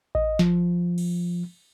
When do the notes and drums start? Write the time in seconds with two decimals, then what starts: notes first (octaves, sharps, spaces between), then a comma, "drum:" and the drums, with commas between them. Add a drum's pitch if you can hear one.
0.15 D#5, drum: kick A1
0.39 F3, drum: snare
0.98 drum: cymbal